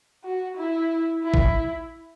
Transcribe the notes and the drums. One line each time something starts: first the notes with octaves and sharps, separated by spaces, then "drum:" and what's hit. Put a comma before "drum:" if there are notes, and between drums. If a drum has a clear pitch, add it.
F#4
E4
E4
drum: kick